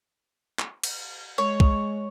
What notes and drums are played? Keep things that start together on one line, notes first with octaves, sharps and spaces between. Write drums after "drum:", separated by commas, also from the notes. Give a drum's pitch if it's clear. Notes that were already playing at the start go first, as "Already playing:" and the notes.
drum: clap
drum: cymbal
G#3 C#5
drum: kick C2